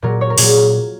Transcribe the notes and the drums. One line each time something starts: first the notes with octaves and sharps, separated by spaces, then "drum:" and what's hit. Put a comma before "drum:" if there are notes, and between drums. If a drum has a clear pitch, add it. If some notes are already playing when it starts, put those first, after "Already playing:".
A#2 F#3 A#4
C#5
A#4
A#2 F#3 G#4, drum: open hi-hat